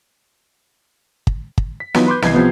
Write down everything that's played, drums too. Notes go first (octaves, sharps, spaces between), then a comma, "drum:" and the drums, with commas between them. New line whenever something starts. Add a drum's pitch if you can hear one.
drum: kick
drum: kick
B6
E3 F#3 B3 D#4 F4, drum: snare
B4 C6 D6 G6
C2 E3 D#5 G#6 C7, drum: snare
C3 F3 B3